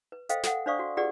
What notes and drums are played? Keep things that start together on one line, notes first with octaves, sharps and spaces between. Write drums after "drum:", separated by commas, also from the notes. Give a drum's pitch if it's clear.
B4
A4 C5 D#5 F5 G5, drum: hi-hat
A4 F#5, drum: snare
D4 C5 D5 F5 C#6 D#6
F#4
F4 G4 G#4 B4 D5 F#5